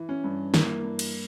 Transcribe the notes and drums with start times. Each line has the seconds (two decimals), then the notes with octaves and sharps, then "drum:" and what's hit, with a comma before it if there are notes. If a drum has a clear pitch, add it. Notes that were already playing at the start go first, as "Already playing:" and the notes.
Already playing: E3
0.09 C#4
0.24 G2
0.54 E3 A#3, drum: snare
0.84 G2
0.99 drum: cymbal